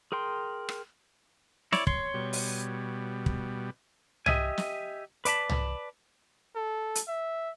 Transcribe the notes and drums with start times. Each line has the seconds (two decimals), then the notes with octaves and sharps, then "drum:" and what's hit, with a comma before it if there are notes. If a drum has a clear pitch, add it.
0.12 G#4 A#4 G5 C6
0.69 drum: rim click
1.72 E4 C#5 D5, drum: snare
1.87 C#5 C6, drum: kick
2.14 B2 G3
2.33 drum: open hi-hat
3.26 drum: kick
4.26 G4 D#5 E5 G#5, drum: tom
4.58 drum: snare
5.25 B4 D5 A5 B5, drum: hi-hat
5.49 drum: tom
6.55 A4
6.95 drum: hi-hat
7.08 E5